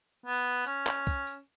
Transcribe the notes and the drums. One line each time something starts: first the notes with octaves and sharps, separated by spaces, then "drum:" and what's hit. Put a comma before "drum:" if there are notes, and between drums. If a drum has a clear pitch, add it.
B3
C#4, drum: tambourine
drum: clap
drum: kick, tambourine
drum: tambourine